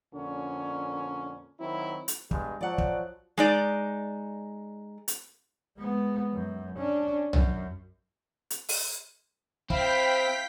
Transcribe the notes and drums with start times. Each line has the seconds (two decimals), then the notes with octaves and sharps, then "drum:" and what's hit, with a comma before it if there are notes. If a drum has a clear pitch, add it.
0.13 F2 A#2 D3 C#4
1.59 D#3 F#3 C4 E4
2.08 drum: hi-hat
2.31 G2 B2 G#3, drum: kick
2.61 F3 F#3 D5 F#5
2.78 drum: kick
3.38 G#3 D#4 D5
5.08 drum: hi-hat
5.78 G#3 B3
6.33 F#2
6.77 C#4 D4
7.33 F#2, drum: tom B1
8.50 drum: hi-hat
8.69 drum: open hi-hat
9.70 C4 E4 F5 G5 B6, drum: kick